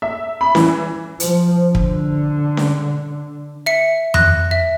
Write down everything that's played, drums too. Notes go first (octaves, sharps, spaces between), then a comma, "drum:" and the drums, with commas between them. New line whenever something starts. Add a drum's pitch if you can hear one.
E5
B5
E3, drum: snare C#4
F3, drum: hi-hat
D3, drum: kick
drum: snare C#4
E5 C#7
F#6 A#6, drum: tom F2
E5